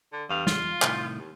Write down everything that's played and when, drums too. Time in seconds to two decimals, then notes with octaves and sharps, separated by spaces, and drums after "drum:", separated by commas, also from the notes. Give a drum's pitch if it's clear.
0.12 D3
0.29 E2 G2 F5
0.47 F4, drum: snare
0.82 C2 A2 D#3, drum: clap
1.18 D#2